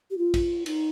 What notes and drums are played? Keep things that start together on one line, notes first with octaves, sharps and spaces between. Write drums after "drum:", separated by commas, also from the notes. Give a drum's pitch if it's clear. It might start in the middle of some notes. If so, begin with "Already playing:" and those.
G4
F4
drum: kick, cymbal
D#4, drum: cymbal